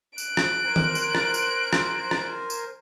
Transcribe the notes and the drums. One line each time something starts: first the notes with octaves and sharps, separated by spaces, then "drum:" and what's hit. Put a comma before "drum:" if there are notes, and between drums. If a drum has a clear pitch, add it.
F#6 D7, drum: tambourine
drum: rim click
A#4 C5 G#5
drum: tom D#3
drum: tambourine
drum: rim click
drum: tambourine
drum: rim click
drum: rim click
drum: tambourine